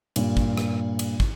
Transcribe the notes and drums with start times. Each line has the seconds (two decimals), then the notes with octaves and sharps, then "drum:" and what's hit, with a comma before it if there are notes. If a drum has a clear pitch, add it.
0.16 G2 A#2, drum: cymbal
0.37 drum: kick
0.57 drum: rim click
0.99 drum: cymbal
1.20 drum: kick